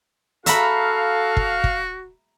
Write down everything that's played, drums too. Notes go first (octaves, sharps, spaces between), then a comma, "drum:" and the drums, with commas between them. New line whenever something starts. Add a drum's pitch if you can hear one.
F#4 A4 E5 F5 A#5 B5, drum: hi-hat
drum: kick
drum: kick